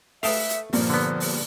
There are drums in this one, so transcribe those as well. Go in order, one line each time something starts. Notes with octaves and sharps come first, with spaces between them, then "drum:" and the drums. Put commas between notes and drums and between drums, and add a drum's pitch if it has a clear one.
A3 B4 E5 F5 G5 A5 D#6, drum: open hi-hat
drum: hi-hat
G2 A#2 F3 A#3, drum: open hi-hat
D3 B3
drum: open hi-hat